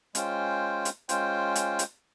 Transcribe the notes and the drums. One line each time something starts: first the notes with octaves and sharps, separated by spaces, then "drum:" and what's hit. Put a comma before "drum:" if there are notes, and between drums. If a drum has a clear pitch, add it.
G#3 C#4 F4 C5 G5, drum: hi-hat
drum: hi-hat
G#3 C#4 F4 C5 G5, drum: hi-hat
drum: hi-hat
drum: hi-hat